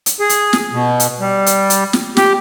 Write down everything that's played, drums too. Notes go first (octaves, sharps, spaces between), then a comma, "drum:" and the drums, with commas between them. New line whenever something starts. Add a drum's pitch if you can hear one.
drum: hi-hat
G#4
drum: hi-hat
drum: snare
B2
drum: hi-hat
G3
drum: hi-hat
drum: hi-hat
drum: snare
G4, drum: snare